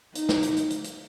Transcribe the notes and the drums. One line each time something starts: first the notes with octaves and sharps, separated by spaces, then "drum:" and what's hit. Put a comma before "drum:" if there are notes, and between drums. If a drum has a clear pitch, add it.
D#4, drum: hi-hat
drum: snare
drum: hi-hat
drum: hi-hat
drum: hi-hat
drum: hi-hat